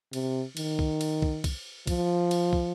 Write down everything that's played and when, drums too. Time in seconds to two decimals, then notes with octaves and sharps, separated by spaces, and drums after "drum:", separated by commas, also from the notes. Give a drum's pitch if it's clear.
0.13 C3, drum: cymbal
0.57 D#3, drum: cymbal
0.79 drum: kick
1.01 drum: cymbal
1.22 drum: kick
1.44 drum: kick, cymbal
1.87 F3, drum: kick, cymbal
2.31 drum: cymbal
2.53 drum: kick